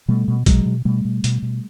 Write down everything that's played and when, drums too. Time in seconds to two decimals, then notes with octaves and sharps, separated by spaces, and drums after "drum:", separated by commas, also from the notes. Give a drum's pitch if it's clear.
0.08 B2 G3 A3
0.28 B2
0.46 B2 F#3 G#3, drum: kick, hi-hat
0.66 B2
0.85 B2 G3 A3
1.05 B2
1.24 B2, drum: hi-hat
1.42 B2